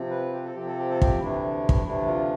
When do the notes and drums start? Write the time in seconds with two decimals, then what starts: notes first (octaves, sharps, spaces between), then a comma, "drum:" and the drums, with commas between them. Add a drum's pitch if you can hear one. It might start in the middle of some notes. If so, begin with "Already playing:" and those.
Already playing: C3 F3 C4
0.10 B4
0.33 G4
0.44 A4
0.54 C3 F3 C4 G4
0.66 A4
0.78 G4
0.89 A4
1.02 G4, drum: kick
1.20 D2 C3 E3 A3 D4 E4
1.69 drum: kick
1.85 D2 C3 E3 A3 D4 E4
2.07 F4